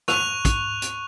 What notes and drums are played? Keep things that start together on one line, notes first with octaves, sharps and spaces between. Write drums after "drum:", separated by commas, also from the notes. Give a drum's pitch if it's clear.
C#6 F#6 F7, drum: rim click
drum: kick, hi-hat
drum: hi-hat